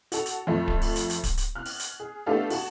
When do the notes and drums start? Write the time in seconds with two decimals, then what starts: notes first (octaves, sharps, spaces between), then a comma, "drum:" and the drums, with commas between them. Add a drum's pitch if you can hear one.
0.12 F#4 A4 F7, drum: hi-hat
0.26 drum: hi-hat
0.47 F2 F3 A3
0.68 drum: kick D1
0.82 drum: open hi-hat
0.96 drum: hi-hat
1.10 drum: hi-hat
1.24 drum: kick D1, hi-hat
1.38 drum: hi-hat
1.55 F6 F#6
1.65 drum: open hi-hat
1.79 drum: hi-hat
2.00 G#4
2.26 A3 B3 D4 G4 A4 F5
2.50 F#4 A5, drum: open hi-hat